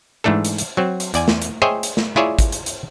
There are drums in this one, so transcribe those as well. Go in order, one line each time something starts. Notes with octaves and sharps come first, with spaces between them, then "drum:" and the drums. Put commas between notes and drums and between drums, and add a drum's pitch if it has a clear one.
G#2 E3 A3 D4 A4
drum: hi-hat
drum: hi-hat
F#3 C4
drum: hi-hat
E2 D5 G#5, drum: hi-hat
drum: snare
drum: hi-hat
G#4 C5 C#5 D#5 E5 G5
drum: hi-hat
drum: snare
E4 F4 G#4 C#5 D5 E5
drum: kick, hi-hat
drum: hi-hat
drum: hi-hat